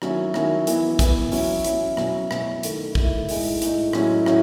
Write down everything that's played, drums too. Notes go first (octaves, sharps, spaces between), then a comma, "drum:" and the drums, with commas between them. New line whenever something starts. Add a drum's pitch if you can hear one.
D#3 F#3 C#4 E4, drum: rim click
D#3 F#3 C#4 E4, drum: rim click
E3 B3 E4, drum: hi-hat
E3 B3 E4, drum: kick, hi-hat
F#3 C#4 E4, drum: open hi-hat
F#3 C#4 E4, drum: hi-hat
B2 F#3 C#4 E4, drum: rim click
B2 F#3 C#4 E4, drum: rim click
D#3 A3 E4, drum: hi-hat
D#3 A3 E4, drum: kick
A2 G#3 D#4, drum: open hi-hat
A2 G#3 D#4, drum: hi-hat
A2 F#3 C#4 E4, drum: rim click
A2 F#3 C#4 E4, drum: rim click